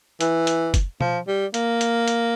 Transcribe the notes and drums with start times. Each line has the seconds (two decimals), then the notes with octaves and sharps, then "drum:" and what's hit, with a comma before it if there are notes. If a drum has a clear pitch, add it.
0.21 E3, drum: hi-hat
0.47 drum: hi-hat
0.74 drum: kick, hi-hat
1.01 F3, drum: tom B2
1.27 G3
1.54 A#3, drum: hi-hat
1.81 drum: hi-hat
2.08 drum: hi-hat